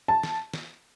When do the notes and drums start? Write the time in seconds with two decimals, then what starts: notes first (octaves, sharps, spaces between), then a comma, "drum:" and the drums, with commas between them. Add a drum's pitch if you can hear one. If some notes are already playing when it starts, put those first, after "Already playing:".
0.08 A5
0.23 drum: snare
0.54 drum: snare